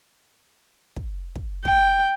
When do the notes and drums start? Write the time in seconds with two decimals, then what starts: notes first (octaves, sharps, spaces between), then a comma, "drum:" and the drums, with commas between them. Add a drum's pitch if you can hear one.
0.96 drum: kick
1.36 drum: kick
1.65 G5, drum: kick